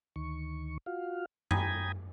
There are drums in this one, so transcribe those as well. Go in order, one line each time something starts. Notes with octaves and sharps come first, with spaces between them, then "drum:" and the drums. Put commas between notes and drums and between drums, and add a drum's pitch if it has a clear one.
D2 D#3 C#6
F4 F#4 F5
G5 G#5 A#5 B5 D#6 G#6, drum: tom F#2